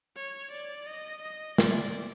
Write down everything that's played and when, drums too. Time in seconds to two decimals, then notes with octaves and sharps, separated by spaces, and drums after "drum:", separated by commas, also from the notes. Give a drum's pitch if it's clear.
0.16 C#5
0.51 D5
0.87 D#5
1.22 D#5
1.58 D5, drum: snare